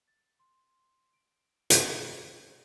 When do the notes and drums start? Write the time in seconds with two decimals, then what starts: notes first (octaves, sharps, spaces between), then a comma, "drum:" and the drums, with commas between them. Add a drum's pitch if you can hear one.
0.08 A6
0.39 C6
1.14 D7
1.70 drum: hi-hat
2.09 D6